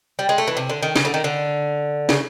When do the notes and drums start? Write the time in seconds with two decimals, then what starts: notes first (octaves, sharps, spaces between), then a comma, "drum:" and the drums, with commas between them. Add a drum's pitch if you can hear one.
0.19 G3
0.29 G#3
0.38 A3
0.48 E3
0.57 C3
0.70 D3
0.82 D#3
0.96 C#3, drum: snare
1.05 D3
1.14 D#3
1.24 D3
2.09 C#3, drum: snare